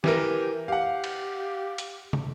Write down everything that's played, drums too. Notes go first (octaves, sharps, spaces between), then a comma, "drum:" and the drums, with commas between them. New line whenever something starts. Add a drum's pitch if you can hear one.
E3 G4 A#4, drum: snare
G4 F5 F#5
drum: cymbal
drum: hi-hat
drum: tom